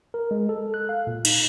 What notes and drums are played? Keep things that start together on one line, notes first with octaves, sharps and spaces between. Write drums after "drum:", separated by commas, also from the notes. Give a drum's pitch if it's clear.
A#4
G#3
A4
F#6
F5
A#2
D#4, drum: cymbal